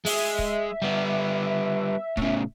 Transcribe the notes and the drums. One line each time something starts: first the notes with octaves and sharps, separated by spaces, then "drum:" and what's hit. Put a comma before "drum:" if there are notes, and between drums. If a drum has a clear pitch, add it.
G#3 E5, drum: open hi-hat
drum: kick C#1
G3 B3
A2 C#3, drum: kick C#1